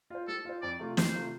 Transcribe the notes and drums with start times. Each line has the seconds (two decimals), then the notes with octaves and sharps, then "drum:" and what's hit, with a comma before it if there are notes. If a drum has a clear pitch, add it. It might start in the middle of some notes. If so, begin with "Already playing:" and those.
0.10 F4 C5
0.28 G3 A4
0.45 F4 C5
0.62 F2 D5
0.79 C3 A3 F4
0.97 F2 C5, drum: snare
1.14 C3 A3 F4